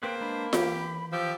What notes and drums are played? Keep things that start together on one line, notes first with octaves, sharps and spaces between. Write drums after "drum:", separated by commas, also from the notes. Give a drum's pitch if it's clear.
A#3 C4 G#4 B4 C5 G5
G#3 D4 B4 B5
E3 G4, drum: snare F4
F3 G4 E6